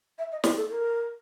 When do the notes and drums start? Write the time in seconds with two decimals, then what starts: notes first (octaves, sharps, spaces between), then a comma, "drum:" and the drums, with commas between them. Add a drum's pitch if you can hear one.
0.18 E5
0.32 D#5
0.44 D5, drum: snare
0.56 A4
0.70 A#4